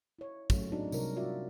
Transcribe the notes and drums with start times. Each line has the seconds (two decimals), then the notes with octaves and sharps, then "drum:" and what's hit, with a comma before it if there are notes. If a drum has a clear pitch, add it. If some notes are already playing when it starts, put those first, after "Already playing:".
0.19 E4 C#5
0.50 F#3 G#3 A3 C#4, drum: kick, tambourine
0.72 G#3 C4 D4 D#4 F#4
0.92 C3 F#3 G3 D#4 A#4 C#5, drum: tambourine
1.16 F4 F#4 D5 E5